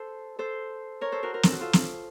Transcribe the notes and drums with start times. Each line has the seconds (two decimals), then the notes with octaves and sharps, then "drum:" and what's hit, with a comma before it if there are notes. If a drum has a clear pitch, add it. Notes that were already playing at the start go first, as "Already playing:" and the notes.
Already playing: A4 C5
0.39 A4 C5
1.01 A#4 C#5
1.12 A4 C5
1.23 F#4 A#4
1.34 A#4
1.43 A4, drum: snare
1.52 F#4
1.61 F4 A4
1.73 drum: snare